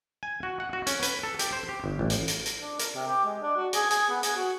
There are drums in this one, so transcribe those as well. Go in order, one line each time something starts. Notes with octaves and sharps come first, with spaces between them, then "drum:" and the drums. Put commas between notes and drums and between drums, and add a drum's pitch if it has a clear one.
G#5
F#4
F#5
F#4
C#4, drum: hi-hat
B4, drum: hi-hat
A4
G4, drum: hi-hat
C5
G4
G1
A1
drum: hi-hat
drum: hi-hat
drum: hi-hat
D4
A#4, drum: hi-hat
C3
G4
G#3
D4
F#4
G#4, drum: hi-hat
G#4, drum: hi-hat
B3
G#4, drum: hi-hat
F#4